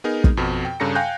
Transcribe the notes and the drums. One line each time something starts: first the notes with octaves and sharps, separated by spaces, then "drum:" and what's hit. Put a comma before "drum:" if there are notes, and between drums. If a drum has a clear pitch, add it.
B3 D#4 G#4 A#4
drum: kick
F2 B2
G5
G2 C#3 A4 A#5 A#6 C#7
F5 G5 G#5 F#6 G6